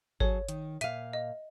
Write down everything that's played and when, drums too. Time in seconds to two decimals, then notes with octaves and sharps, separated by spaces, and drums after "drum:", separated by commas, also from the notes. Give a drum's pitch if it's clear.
0.20 F#3 G#4 A4 C#5, drum: kick G#1
0.48 D#3, drum: hi-hat
0.81 A#2 E5 F5 D#7, drum: hi-hat
1.13 D#5